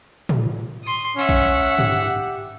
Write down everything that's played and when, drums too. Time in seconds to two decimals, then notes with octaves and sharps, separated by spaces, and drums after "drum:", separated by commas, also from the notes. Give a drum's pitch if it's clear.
0.29 drum: tom
0.84 C6 D#6
1.16 C#4 E5 F#5
1.29 drum: kick
1.79 G4, drum: tom